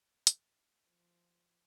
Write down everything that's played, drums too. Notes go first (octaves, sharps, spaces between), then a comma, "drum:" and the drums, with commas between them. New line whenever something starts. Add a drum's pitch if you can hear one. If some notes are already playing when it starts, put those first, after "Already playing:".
drum: hi-hat
F3